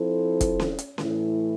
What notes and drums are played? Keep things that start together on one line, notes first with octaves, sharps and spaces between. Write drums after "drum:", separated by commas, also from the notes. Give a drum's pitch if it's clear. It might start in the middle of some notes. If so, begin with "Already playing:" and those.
Already playing: F3 C4 E4 A4 C5
drum: kick, hi-hat
drum: snare C#4
drum: hi-hat
A2 E3 A3 E4, drum: snare C#4